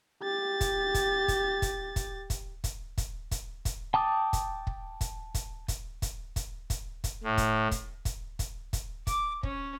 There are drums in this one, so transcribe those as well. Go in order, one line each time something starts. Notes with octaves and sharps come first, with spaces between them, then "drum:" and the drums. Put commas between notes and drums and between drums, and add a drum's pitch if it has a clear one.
G4 A6
drum: kick, hi-hat
drum: kick, hi-hat
drum: kick, hi-hat
drum: kick, hi-hat
drum: kick, hi-hat
drum: kick, hi-hat
drum: kick, hi-hat
drum: kick, hi-hat
drum: kick, hi-hat
drum: kick, hi-hat
G5 A5 D6 D#6
drum: kick, hi-hat
drum: kick
drum: kick, hi-hat
drum: kick, hi-hat
drum: kick, hi-hat
drum: kick, hi-hat
drum: kick, hi-hat
drum: kick, hi-hat
drum: kick, hi-hat
A2
drum: kick, hi-hat
drum: kick, hi-hat
drum: kick, hi-hat
drum: kick, hi-hat
drum: kick, hi-hat
D6, drum: kick, hi-hat
C#4, drum: kick